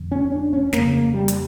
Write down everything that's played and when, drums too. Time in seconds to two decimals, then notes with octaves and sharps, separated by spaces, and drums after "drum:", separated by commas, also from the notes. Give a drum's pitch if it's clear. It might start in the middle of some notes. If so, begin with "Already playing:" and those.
Already playing: F2 D3
0.12 C#4
0.32 D4
0.53 C#4
0.73 F2 C#3 A#3, drum: snare
0.94 A#3
1.14 G3
1.28 drum: hi-hat